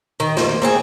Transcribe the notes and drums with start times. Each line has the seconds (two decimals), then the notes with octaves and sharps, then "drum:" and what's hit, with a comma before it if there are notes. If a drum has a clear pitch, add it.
0.20 D#3
0.37 A#3 C5, drum: snare
0.62 A#3 C4 G#4